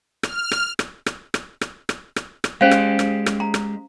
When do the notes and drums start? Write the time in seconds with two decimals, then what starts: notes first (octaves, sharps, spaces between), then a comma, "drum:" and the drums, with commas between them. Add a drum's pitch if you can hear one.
0.23 F6, drum: rim click
0.51 drum: rim click
0.79 drum: rim click
1.06 drum: rim click
1.34 drum: rim click
1.61 drum: rim click
1.89 drum: rim click
2.16 drum: rim click
2.44 drum: rim click
2.61 G#3 C#4 G4 C5 F5
2.71 drum: rim click
2.99 drum: rim click
3.26 drum: rim click
3.40 A#5
3.54 drum: rim click